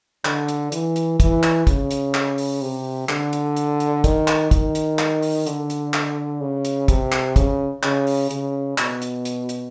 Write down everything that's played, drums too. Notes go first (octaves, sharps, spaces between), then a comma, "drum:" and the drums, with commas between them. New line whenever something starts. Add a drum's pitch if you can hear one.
D3, drum: clap
drum: hi-hat
E3, drum: hi-hat
drum: hi-hat
E3, drum: kick, hi-hat
drum: clap
C#3, drum: kick, hi-hat
drum: hi-hat
drum: clap
drum: open hi-hat
C3
D3, drum: clap
drum: hi-hat
drum: hi-hat
drum: hi-hat
D#3, drum: kick, hi-hat
drum: clap
D#3, drum: kick, hi-hat
drum: hi-hat
drum: clap
drum: open hi-hat
D3, drum: hi-hat
drum: hi-hat
drum: clap
C#3
drum: hi-hat
C3, drum: kick, hi-hat
drum: clap
C#3, drum: kick, hi-hat
C#3, drum: clap
drum: open hi-hat
C#3, drum: hi-hat
B2, drum: clap
drum: hi-hat
drum: hi-hat
drum: hi-hat